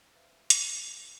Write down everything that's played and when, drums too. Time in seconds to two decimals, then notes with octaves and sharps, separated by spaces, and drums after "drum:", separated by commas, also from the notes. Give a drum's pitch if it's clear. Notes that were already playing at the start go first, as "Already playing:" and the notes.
0.15 B4 C5 E5 F5
0.50 F4, drum: hi-hat